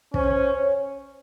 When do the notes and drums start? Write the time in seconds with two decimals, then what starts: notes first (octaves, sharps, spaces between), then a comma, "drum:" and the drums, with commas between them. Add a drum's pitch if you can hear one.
0.14 C#4 C5, drum: kick
0.35 C5
0.55 C#5